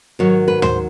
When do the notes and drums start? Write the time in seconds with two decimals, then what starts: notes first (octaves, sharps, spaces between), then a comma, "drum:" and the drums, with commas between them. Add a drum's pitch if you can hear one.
0.19 G#2 D#3 F#3 C#5
0.48 B4
0.62 C5, drum: tom